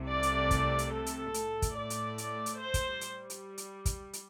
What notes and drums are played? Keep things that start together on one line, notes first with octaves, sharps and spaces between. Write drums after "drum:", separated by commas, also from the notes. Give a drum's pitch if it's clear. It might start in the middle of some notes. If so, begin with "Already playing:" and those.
Already playing: C2 C3 A3
D5
drum: hi-hat
drum: kick, hi-hat
drum: hi-hat
A4
drum: hi-hat
A2 A3, drum: hi-hat
drum: kick, hi-hat
D5
drum: hi-hat
drum: hi-hat
drum: hi-hat
C5
drum: kick, hi-hat
G3, drum: hi-hat
drum: hi-hat
drum: hi-hat
drum: kick, hi-hat
drum: hi-hat